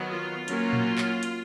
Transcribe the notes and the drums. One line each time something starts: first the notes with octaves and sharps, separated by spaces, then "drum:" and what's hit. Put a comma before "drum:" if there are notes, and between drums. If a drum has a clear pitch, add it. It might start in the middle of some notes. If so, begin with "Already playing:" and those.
Already playing: D#3 F#3 B3
F4
F#3 A#3 C#4, drum: hi-hat
drum: tom A#2
drum: clap
drum: hi-hat